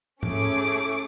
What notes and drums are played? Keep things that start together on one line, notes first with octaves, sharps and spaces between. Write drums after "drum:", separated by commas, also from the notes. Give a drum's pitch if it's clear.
A3 C#4 E4 G#4 D6, drum: tom